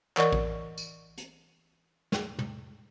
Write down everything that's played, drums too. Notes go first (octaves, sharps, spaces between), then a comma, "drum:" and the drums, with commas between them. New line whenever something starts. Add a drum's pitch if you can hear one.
E3 A#4 D5 D#5 F#5 C#6, drum: clap
drum: kick
drum: tambourine
drum: hi-hat
drum: snare
drum: tom